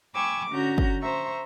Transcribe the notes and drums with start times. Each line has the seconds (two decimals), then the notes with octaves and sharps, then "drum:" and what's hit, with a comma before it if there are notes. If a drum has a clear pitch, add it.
0.15 G5 G#5 B5 C#6 D6 E6
0.50 D3 C#4 F#4 A#5 G6
0.78 drum: kick
1.02 C5 E5 A#5 C#6